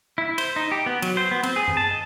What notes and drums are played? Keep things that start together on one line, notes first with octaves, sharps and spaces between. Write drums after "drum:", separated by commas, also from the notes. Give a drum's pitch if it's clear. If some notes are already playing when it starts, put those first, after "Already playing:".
E4
C5, drum: cymbal
D#4
G4
B3
F#3, drum: cymbal
C5
B3
C4, drum: cymbal
G#4
drum: tom F#2
A5
D#5